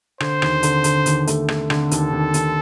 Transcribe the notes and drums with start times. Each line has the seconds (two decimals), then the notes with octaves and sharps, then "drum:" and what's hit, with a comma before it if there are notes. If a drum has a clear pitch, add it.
0.20 D3 C5, drum: rim click
0.42 D#2, drum: rim click
0.63 D3, drum: hi-hat
0.84 D3, drum: hi-hat
1.06 D#2, drum: hi-hat
1.27 A3, drum: hi-hat
1.48 A3, drum: rim click
1.70 D3, drum: rim click
1.91 D#2 A4, drum: hi-hat
2.12 D#2
2.34 D#2, drum: hi-hat